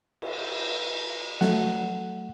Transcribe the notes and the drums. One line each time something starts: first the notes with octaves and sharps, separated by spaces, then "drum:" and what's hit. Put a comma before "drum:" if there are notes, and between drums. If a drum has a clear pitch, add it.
drum: cymbal
F#3 A3 F#5, drum: snare